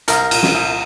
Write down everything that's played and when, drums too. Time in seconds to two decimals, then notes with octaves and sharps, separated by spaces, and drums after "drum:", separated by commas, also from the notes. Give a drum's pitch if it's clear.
0.08 C2 A#4, drum: hi-hat
0.31 A#2, drum: cymbal
0.43 drum: snare
0.54 C2